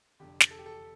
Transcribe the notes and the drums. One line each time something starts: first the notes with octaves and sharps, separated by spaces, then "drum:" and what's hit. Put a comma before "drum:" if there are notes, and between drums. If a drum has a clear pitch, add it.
F1 F2 D3 G4
drum: snare
A4
G4
A4